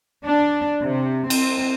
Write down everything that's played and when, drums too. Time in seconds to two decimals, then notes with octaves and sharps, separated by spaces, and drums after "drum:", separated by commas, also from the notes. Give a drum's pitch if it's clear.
0.25 D4
0.83 C3
1.30 C4, drum: cymbal